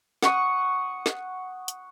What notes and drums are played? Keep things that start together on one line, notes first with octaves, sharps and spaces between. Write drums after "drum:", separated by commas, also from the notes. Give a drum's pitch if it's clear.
F#5 C#6 D#6, drum: snare
drum: snare
drum: hi-hat